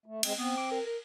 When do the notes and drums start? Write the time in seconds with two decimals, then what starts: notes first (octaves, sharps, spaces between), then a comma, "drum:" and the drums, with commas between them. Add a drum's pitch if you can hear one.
0.06 A3
0.23 G#3 C4, drum: cymbal
0.38 B3 C4
0.57 D6
0.71 A#4
0.86 A#4